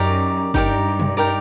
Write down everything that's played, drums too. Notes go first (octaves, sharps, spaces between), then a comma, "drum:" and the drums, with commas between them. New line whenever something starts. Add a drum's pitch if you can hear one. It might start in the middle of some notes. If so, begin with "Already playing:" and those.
Already playing: F#2 D#4 G4 A#4 D5
G2 D#4 G4 A#4 D5, drum: kick
drum: tom B2
D#4 G4 A#4 D5